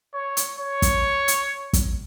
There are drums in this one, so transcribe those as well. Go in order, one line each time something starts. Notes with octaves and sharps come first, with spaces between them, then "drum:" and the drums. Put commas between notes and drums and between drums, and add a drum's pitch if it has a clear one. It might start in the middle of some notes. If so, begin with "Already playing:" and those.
C#5
drum: hi-hat
C#5
drum: kick, hi-hat
drum: hi-hat
drum: kick, hi-hat